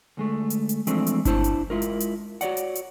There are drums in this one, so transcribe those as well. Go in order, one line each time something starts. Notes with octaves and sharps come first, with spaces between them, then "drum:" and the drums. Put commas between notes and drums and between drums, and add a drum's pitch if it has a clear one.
D2 G#3 A3
drum: hi-hat
drum: hi-hat
E3 F3 G#3 A3 C4 D4, drum: hi-hat
drum: hi-hat
D4 E4 C5 A5, drum: kick G1, hi-hat
drum: hi-hat
G#3 E4 F4 A#4
drum: hi-hat
drum: hi-hat
F#4 C#5 D5 F#5, drum: hi-hat
drum: hi-hat
drum: hi-hat